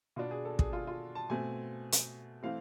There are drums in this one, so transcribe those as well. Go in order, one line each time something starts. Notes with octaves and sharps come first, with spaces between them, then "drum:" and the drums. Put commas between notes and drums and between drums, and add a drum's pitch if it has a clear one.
B2 B3 D4 F4
G#4
A4
G#4, drum: kick
F4
F4
A5
B2 A3 C4 G#5
drum: hi-hat
E3 A3 C4 F5